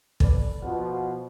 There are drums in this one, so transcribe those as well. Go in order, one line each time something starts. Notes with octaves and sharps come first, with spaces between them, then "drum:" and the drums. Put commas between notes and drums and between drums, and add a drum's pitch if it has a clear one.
A4 B4 D5, drum: kick
B2 F3 F4 F#5